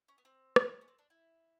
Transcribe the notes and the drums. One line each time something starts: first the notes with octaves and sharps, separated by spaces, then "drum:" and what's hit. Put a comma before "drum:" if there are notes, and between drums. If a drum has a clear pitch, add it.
C#4
B3
C4
drum: rim click
C#4
C4
D4
E4